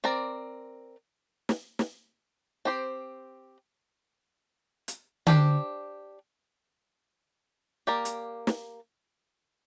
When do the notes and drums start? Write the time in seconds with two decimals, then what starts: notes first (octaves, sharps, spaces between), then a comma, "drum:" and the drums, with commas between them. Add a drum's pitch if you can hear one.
0.04 C4 A#4 D5
1.49 drum: snare
1.79 drum: snare
2.65 C4 G4 C5
4.88 drum: hi-hat
5.27 D4 G4 C5, drum: tom D3
7.87 A#3 G4 A#4 D5
8.05 drum: hi-hat
8.47 drum: snare